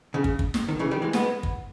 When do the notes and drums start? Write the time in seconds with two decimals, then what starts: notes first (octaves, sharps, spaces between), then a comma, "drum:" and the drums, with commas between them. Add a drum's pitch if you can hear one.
0.14 C#3
0.24 drum: kick
0.39 drum: kick
0.54 drum: snare
0.69 D#3
0.79 C#3 E3
0.91 D#3 G3
1.02 E3 G#3
1.13 G#3 B3, drum: snare
1.43 drum: kick